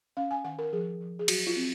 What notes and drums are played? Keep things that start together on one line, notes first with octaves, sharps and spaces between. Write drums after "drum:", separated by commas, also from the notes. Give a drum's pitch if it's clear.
C#4 F5
G#5
D#3 F#5
A#4
F3 G#4
F3
G#4
F#3 F#4, drum: cymbal
F4
C4